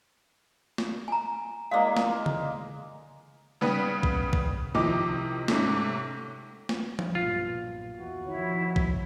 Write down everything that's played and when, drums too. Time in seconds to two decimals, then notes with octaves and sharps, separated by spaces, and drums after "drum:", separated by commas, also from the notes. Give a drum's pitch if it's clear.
0.78 drum: snare
1.08 G#5 A#5
1.71 G#3 A#3 E4 D5 F5
1.97 drum: snare
2.26 drum: tom C#3
3.61 C#3 G3 B3 B4
4.03 drum: kick A#1
4.33 drum: kick A#1
4.75 C3 D#3 F3 D#4 E4 D6
5.48 G#2 C3 A3 C#4, drum: snare
6.69 drum: snare
6.99 drum: tom F3
7.15 B1 G2 A#2 F4
7.97 E2 E3 F#4
8.25 D#3 F3 E4 C#5
8.76 drum: kick A#1